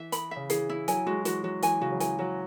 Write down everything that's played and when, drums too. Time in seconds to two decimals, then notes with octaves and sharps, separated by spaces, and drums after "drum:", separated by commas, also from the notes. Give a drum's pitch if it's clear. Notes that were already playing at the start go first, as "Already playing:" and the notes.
Already playing: E3 E5
0.12 B5, drum: hi-hat
0.31 E5
0.37 C#3
0.50 E3 G#4, drum: hi-hat
0.69 E4
0.88 F#3 G#5, drum: hi-hat
1.06 G#3 F#4
1.25 E3 F#4, drum: hi-hat
1.44 F#3 F#4
1.62 E3 G#5, drum: hi-hat
1.81 C#3 F#4
1.92 F#3
2.00 E3 G#5, drum: hi-hat
2.19 F#3 F#4